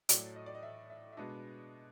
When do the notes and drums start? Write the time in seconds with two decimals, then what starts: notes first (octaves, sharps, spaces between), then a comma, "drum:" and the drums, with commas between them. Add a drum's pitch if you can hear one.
0.09 A2 F#3 A3 D5, drum: hi-hat
0.36 D#5
0.46 D5
0.55 D#5
0.63 E5
0.90 E5
1.13 E5
1.17 B2 G#3 B3 D4 D#5